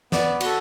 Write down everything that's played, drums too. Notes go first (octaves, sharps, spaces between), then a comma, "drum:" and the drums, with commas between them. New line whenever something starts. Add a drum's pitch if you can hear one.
B3 D5, drum: snare
F#4 A4, drum: cymbal